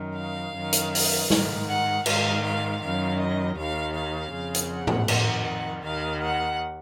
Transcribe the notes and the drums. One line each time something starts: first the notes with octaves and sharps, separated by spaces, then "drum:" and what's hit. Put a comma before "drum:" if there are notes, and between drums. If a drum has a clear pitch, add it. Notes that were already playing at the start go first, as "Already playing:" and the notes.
Already playing: F#2 D#3
F5
F#2 D#3
drum: hi-hat
drum: open hi-hat
G#2 D#3, drum: snare
F#5
G#2 D#3 F5, drum: cymbal
F5
F#2 D#3 F5
D#5
D#2 D#3 F5
F5
F2 C#3
drum: hi-hat
F#5
drum: tom G#2
F2 D#3, drum: cymbal
D#2 D#3 F5
F#5